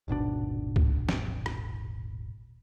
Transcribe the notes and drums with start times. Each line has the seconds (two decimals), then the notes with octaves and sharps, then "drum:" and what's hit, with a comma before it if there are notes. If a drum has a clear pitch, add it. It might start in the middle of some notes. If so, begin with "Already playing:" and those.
0.08 D#1 G#1 B2 D4
0.76 drum: kick C#2
1.09 drum: snare
1.46 drum: rim click